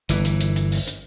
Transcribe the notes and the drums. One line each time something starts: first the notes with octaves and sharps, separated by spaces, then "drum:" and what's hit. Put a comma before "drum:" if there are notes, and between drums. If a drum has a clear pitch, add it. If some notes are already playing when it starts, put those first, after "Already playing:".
G1 E3, drum: hi-hat
drum: hi-hat
drum: hi-hat
drum: hi-hat
drum: open hi-hat
drum: hi-hat